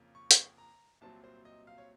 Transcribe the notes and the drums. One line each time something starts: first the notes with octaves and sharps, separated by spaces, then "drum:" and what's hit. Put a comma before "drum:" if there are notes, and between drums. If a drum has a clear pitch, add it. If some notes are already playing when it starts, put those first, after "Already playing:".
Already playing: F2 C#3 F3 A#3
C#6
drum: hi-hat
A#5
C2 A#2 F#3 C4 A5
C5
D#5
F5
C#5